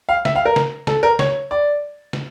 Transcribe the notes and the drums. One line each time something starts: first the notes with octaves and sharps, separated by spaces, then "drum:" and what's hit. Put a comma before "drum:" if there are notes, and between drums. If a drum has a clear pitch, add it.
F5
E5, drum: snare
F5
A#4
drum: snare
A4, drum: snare
A#4
C#5, drum: snare
D5
drum: snare